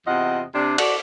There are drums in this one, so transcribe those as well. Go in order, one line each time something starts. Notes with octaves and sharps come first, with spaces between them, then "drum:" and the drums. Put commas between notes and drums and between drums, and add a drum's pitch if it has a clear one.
E2 C3 F4 D#5 F#5
C3 D4
F#4 A4 D5, drum: cymbal